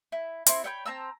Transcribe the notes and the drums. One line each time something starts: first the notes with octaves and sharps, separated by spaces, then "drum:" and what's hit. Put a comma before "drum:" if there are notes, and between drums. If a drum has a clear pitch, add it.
E4
C4 E4, drum: hi-hat
C#5 E5 G5 B5
C4 A5 A#5 E6